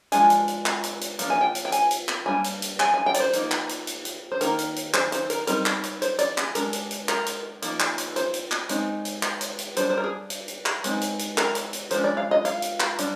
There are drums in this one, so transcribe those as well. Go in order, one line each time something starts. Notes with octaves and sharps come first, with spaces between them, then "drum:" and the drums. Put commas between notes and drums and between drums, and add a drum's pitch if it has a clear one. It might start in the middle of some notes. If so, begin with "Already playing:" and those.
F3 G#3 D4 G#5, drum: hi-hat
drum: hi-hat
drum: hi-hat
drum: clap
drum: hi-hat
drum: hi-hat
F3 A#3 D4, drum: hi-hat
G#5
G5
drum: hi-hat
G5
G#5, drum: hi-hat
drum: hi-hat
drum: clap
G3 A#3 D4 G#5
drum: hi-hat
drum: hi-hat
G#5, drum: clap
G#5
G5
D5, drum: hi-hat
C5
F3 A#3 D#4, drum: hi-hat
drum: clap
drum: hi-hat
drum: hi-hat
drum: hi-hat
C5
D#3 A#3 D#4 A#4, drum: hi-hat
drum: hi-hat
drum: hi-hat
C5, drum: clap
C5, drum: hi-hat
A#4, drum: hi-hat
G3 C4 D#4 A#4, drum: hi-hat
drum: clap
drum: hi-hat
C5, drum: hi-hat
D5, drum: hi-hat
G#4, drum: clap
G#3 D4 A#4, drum: hi-hat
drum: hi-hat
drum: hi-hat
A#4, drum: clap
drum: hi-hat
F3 A#3 D#4, drum: hi-hat
drum: clap
drum: hi-hat
C5, drum: hi-hat
drum: hi-hat
drum: clap
G#3 C4 D#4, drum: hi-hat
drum: hi-hat
drum: clap
drum: hi-hat
drum: hi-hat
G3 D4 C5, drum: hi-hat
C5
A#4
G#4
drum: hi-hat
drum: hi-hat
drum: clap
G#3 C4 D#4, drum: hi-hat
drum: hi-hat
drum: hi-hat
A#4, drum: clap
drum: hi-hat
drum: hi-hat
F3 G#3 D4 C5, drum: hi-hat
D5
F5
D#5
F5, drum: hi-hat
drum: hi-hat
drum: clap
G3 D4, drum: hi-hat